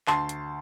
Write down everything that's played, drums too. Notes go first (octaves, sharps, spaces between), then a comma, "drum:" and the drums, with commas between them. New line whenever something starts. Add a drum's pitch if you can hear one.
D2 A5 C6, drum: clap
drum: hi-hat